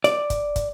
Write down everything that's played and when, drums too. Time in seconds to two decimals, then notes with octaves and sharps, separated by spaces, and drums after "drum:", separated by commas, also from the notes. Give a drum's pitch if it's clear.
0.04 D5, drum: hi-hat
0.30 drum: kick, hi-hat
0.56 drum: kick, hi-hat